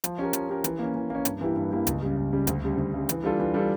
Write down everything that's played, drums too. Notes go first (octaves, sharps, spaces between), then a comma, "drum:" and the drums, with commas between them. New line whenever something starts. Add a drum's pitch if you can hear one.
F3, drum: hi-hat
C#4 G4 A#4
F3, drum: hi-hat
C#4 G4 A#4
E3, drum: hi-hat
A#3 C#4
E3
A#3 C#4
G2, drum: hi-hat
E3 A#3 E4 G4
G2
E3 A#3 E4 G4
C#2, drum: hi-hat
C#3 G3
C#2
C#3 G3
D2, drum: hi-hat
C#3 G3
D2
C#3 G3
E3, drum: hi-hat
G3 D4 F4 A4
E3
G3 D4 F4 A4